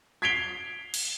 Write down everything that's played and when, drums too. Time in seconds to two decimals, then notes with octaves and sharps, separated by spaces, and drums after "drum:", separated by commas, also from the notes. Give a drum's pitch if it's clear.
0.22 G#6 B6 C7 D7 F7 G7
0.94 drum: cymbal